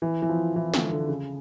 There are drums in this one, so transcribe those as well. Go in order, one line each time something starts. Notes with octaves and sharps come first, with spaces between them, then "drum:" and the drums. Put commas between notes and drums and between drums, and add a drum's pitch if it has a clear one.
E3
E3
F3
E3
D3, drum: snare
D3
C#3